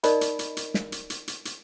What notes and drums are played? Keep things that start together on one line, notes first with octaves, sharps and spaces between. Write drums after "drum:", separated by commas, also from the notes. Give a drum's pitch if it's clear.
D#4 A#4 D5 D#5 B5, drum: hi-hat
drum: hi-hat
drum: hi-hat
drum: hi-hat
drum: snare
drum: hi-hat
drum: hi-hat
drum: hi-hat
drum: hi-hat